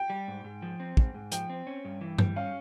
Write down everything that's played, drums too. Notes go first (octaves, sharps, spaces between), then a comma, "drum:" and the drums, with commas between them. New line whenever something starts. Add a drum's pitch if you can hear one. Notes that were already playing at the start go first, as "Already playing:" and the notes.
Already playing: G5
G3
G#2
G#2
F3
C4
G#2, drum: kick
G#2
F3 G5, drum: hi-hat
C4
C#4
G2
E3
G3, drum: tom G2
C#4 F5